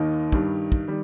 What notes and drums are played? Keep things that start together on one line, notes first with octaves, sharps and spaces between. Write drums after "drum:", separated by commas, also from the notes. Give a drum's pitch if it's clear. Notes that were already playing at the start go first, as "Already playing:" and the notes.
Already playing: D#2 D#3 A#3 D#4 A#4
G2 D#3 G3, drum: kick
drum: kick
D#3 G3